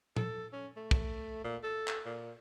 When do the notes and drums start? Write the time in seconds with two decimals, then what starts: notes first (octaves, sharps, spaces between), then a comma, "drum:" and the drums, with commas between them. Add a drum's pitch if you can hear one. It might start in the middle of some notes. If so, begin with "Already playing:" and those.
0.16 A4, drum: tom A#2
0.53 C#4
0.77 A3
0.91 drum: kick
1.44 A#2
1.64 A4
1.88 drum: clap
2.06 A#2